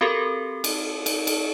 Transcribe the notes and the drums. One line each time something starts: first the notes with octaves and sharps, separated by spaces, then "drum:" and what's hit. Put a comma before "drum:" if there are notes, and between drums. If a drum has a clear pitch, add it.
C4 F#4 G4 A4 A#4
drum: cymbal
drum: cymbal
drum: cymbal